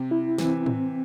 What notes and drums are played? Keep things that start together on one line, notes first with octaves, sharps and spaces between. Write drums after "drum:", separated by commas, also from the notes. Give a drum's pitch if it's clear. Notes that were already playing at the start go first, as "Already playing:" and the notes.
Already playing: C3
E4
E3 C4, drum: snare
C4, drum: tom A2